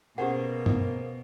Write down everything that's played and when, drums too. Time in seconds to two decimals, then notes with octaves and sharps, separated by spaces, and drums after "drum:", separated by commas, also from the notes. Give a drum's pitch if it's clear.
0.18 B2 A#3 C#4 G4 G#4 C5 F#5
0.66 drum: tom